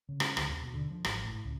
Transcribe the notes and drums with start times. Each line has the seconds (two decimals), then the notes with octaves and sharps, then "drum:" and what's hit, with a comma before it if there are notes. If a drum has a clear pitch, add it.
0.09 C#3
0.20 C#4, drum: rim click
0.37 D2, drum: rim click
0.49 D#2
0.61 B2
0.74 D3
0.91 F3
1.05 G#1, drum: rim click
1.24 A2
1.44 C#2